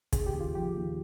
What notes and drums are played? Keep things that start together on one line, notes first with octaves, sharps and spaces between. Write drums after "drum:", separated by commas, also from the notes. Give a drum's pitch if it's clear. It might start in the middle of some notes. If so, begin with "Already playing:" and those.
C#3 G#4, drum: kick, hi-hat
G4
D#2
F4
F3 G4
D#2